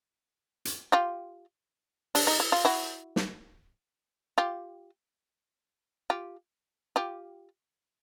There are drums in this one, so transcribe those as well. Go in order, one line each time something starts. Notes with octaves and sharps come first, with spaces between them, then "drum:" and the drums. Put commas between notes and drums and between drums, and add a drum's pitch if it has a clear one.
drum: hi-hat
F4 G4
D4, drum: open hi-hat
D#4
E4
F4
E4 F#4
drum: snare
F4 G4
F4 G4
F4 G4